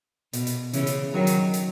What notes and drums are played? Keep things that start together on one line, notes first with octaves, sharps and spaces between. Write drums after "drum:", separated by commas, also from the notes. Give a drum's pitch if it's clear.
B2, drum: hi-hat
drum: hi-hat
C#3 E3, drum: hi-hat
drum: hi-hat
D#3 F#3
drum: hi-hat
drum: hi-hat